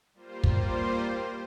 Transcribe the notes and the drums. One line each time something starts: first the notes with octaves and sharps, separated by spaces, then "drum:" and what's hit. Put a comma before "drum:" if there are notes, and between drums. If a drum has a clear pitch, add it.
G3 A#3 F4 C5
drum: kick